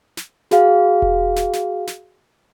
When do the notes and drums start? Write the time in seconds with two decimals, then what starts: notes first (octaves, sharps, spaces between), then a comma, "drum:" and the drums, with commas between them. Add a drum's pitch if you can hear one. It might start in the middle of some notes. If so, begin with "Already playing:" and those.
0.17 drum: snare
0.51 F#4 G#4 F5, drum: snare
1.02 drum: kick E1
1.36 drum: snare
1.53 drum: snare
1.87 drum: snare